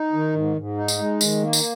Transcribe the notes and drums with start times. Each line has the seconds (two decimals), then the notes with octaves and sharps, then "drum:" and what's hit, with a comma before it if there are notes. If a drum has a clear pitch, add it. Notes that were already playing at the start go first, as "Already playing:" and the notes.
Already playing: D#4
0.13 D#3
0.34 G#2
0.57 G#2
0.77 D#4
0.88 drum: tambourine
0.99 G#3
1.21 D#3, drum: tambourine
1.42 A#3
1.53 drum: tambourine